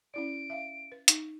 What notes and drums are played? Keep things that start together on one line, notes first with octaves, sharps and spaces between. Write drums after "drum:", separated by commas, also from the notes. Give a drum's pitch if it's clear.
C#4 E4 D5 D7
E5 F5
B4
D#4, drum: hi-hat